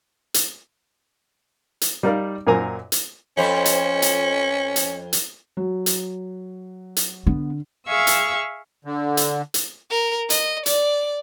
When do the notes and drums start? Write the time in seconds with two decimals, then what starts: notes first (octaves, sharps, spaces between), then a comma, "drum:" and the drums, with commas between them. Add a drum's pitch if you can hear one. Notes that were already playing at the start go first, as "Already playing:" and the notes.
0.34 drum: hi-hat
1.81 drum: hi-hat
2.03 G3 D#4 A#4 D5 F5
2.47 F#2 A#2 A#4 C5 G#5 A#5
2.92 drum: hi-hat
3.37 F2 C#4 C5
3.65 drum: hi-hat
4.02 drum: hi-hat
4.76 drum: hi-hat
5.13 drum: hi-hat
5.57 F#3
5.86 drum: hi-hat
6.96 drum: hi-hat
7.27 D3 B3
7.87 G#4 E5 F5 C#6 E6
8.07 drum: hi-hat
8.85 D3
9.17 drum: hi-hat
9.54 drum: hi-hat
9.91 A#4
10.30 D#5, drum: hi-hat
10.66 D5, drum: hi-hat